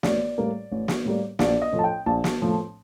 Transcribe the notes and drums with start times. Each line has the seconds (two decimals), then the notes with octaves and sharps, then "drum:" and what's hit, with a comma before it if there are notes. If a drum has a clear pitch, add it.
0.03 A1 D5, drum: snare
0.38 A2 G3 A#3
0.72 A1
0.88 drum: snare
1.05 A2 G3 A#3
1.39 A#1 D5, drum: snare
1.62 D#5
1.73 A2 F3 A3
1.79 A5
1.84 G5
2.06 A#1 A5
2.24 drum: snare
2.41 A2 F3 A3